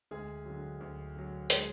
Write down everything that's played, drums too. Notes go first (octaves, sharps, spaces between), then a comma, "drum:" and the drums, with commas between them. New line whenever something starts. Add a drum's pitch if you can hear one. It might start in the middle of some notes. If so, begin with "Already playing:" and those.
D2 G#3 G#4
D3 F#3
D2
D3 F#3
G#3 G#4, drum: hi-hat